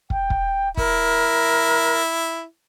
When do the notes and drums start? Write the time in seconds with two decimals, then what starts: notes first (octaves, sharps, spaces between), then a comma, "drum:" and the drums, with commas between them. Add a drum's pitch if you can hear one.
0.10 G5, drum: kick
0.30 drum: kick
0.77 E4 A#4, drum: kick